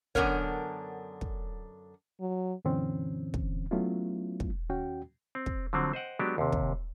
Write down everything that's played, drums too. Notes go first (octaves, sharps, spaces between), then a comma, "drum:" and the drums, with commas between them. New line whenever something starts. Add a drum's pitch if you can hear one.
F#2 D3 B3 D4 A#4 C#5, drum: kick
drum: kick
F#3
F#2 A#2 D3 E3 C4 C#4
drum: kick
F#3 A3 B3 C#4 E4 F4
drum: kick
D#2 C#4 F#4 G5
C4
drum: kick
D3 F3 F#3 C4
C5 D#5 F#5 G5
F#3 G#3 B3 D4 F#4 G4
D#2 C3
drum: kick